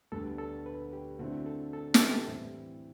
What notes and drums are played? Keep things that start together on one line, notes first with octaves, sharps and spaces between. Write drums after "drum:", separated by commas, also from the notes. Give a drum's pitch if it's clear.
D2 D3 G3 B3 A4
A4
B4
G4
D3 A3 C4 E4 F#4
A4
A4
A4, drum: snare
G4
A2 E3 G3 C4 E4